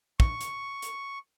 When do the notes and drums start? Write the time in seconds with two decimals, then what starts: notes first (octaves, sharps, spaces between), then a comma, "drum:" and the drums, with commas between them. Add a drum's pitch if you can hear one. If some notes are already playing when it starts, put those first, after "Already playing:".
0.20 C#6, drum: kick
0.41 drum: hi-hat
0.82 drum: hi-hat